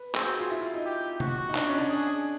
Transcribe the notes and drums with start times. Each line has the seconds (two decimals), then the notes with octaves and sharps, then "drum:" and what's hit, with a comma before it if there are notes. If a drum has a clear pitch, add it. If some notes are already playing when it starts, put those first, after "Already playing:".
Already playing: B4
0.15 C4 G#4, drum: clap
0.27 F#4
0.39 F4
0.50 E4
0.62 F4
0.74 D#4
0.86 G4
1.20 F#4, drum: tom
1.49 D#4
1.55 D4, drum: clap
1.67 C#4
1.73 D#4
1.78 D4
1.89 D4 G#4